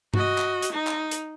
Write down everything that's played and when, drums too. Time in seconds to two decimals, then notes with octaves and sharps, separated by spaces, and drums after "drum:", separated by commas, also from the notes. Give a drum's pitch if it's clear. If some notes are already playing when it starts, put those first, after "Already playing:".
0.14 F#4 D#5, drum: tom G2
0.38 drum: clap
0.62 drum: hi-hat
0.72 D#4
0.87 drum: clap
1.11 drum: hi-hat